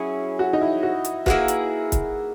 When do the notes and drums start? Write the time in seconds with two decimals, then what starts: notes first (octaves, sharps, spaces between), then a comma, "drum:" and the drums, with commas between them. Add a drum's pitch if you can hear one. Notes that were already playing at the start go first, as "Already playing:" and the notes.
Already playing: F#3 C#4 E4 G#4
0.39 F#4
0.53 D#4
0.61 E4
0.83 F#4
1.05 drum: hi-hat
1.26 A#3 E4 F#4 G#4 B4, drum: kick
1.48 drum: hi-hat
1.92 drum: kick, hi-hat